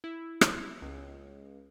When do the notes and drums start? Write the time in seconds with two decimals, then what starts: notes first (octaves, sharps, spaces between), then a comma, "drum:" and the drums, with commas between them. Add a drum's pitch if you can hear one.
0.04 E4
0.41 E4, drum: rim click
0.82 C#2